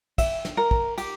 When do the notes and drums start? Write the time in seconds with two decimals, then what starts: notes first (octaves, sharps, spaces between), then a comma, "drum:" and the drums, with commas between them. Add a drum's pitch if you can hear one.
0.18 E5, drum: kick, cymbal
0.45 drum: snare
0.57 A#4
0.71 drum: kick
0.98 G4, drum: cymbal